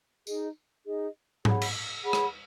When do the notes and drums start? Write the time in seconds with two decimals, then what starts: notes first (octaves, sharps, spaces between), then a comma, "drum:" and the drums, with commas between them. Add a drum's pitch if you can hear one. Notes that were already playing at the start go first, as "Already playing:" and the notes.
0.27 D#4 G#4 D#5, drum: tambourine
0.85 D#4 G#4 D#5
1.45 G#4 C#5 F#5 B5, drum: tom G#2
1.62 drum: cymbal
2.04 G#4 C#5 F#5 B5
2.13 drum: rim click